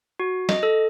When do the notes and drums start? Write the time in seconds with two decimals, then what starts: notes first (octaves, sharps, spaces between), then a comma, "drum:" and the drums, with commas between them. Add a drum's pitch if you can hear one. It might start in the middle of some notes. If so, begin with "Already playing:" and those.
0.20 F#4
0.49 D#5, drum: snare
0.63 A4